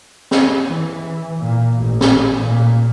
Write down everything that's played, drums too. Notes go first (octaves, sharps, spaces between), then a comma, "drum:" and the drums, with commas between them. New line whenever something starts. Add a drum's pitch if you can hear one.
drum: snare
E3
A#2
A1
drum: snare
A#2